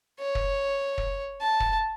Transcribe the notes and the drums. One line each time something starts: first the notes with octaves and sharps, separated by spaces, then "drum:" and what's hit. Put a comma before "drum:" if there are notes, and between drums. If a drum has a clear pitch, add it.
C#5
drum: kick
drum: kick
A5
drum: kick